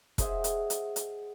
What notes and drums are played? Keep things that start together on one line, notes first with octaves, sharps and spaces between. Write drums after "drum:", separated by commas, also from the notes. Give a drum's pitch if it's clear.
G#4 C5 D#5 E5 F#5, drum: kick, hi-hat
drum: hi-hat
drum: hi-hat
drum: hi-hat